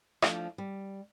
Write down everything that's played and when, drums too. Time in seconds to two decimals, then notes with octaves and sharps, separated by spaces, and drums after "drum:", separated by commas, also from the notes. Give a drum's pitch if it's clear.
0.22 F3 A3 D4, drum: rim click
0.58 G3